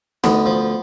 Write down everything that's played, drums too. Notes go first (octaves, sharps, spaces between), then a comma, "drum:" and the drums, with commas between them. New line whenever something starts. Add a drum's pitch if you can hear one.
D2 B3, drum: snare
F3